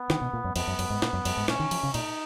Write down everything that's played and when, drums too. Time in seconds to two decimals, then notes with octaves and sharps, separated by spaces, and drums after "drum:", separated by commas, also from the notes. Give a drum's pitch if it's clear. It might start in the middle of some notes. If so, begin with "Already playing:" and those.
Already playing: B3
0.10 D#3, drum: snare
0.21 B2
0.33 A#2
0.44 F#2
0.56 F2 B3, drum: cymbal
0.67 F#2
0.79 F#2, drum: cymbal
0.90 G#2
1.02 A#2, drum: snare
1.13 F#2
1.25 F#2, drum: cymbal
1.37 G#2
1.48 A#2 C#4, drum: snare
1.60 D#3
1.71 F3, drum: cymbal
1.83 C#3
1.94 A#2 D#4, drum: cymbal